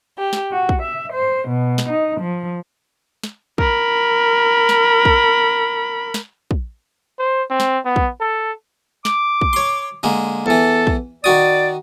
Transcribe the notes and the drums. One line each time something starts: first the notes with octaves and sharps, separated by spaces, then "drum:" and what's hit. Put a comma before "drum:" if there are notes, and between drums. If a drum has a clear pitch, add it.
G4
drum: snare
F#4
drum: kick
E5
C5
B2
drum: snare
D#4
F3
drum: snare
A#4 B5, drum: kick
drum: snare
drum: kick
drum: snare
drum: kick
C5
C4
drum: snare
B3
drum: kick
A4
D6, drum: snare
drum: kick
C#5 C6
D3 G#3 A#3
E2 E3 A4
drum: kick
D#3 F#4 D5 D#6